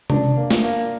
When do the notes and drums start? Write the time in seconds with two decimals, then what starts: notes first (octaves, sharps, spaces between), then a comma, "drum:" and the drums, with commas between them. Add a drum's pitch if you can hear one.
0.10 D4, drum: tom C3
0.37 A#3
0.51 drum: snare
0.64 A#3